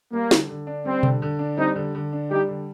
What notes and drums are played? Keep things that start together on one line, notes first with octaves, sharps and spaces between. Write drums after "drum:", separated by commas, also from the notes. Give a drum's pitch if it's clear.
G3 A#3
D3, drum: snare
D3
D4
G3 C4
D3, drum: tom B2
D3
D4
G3 C4 D#4
D3
D3
D4
G3 D#4 G4
D3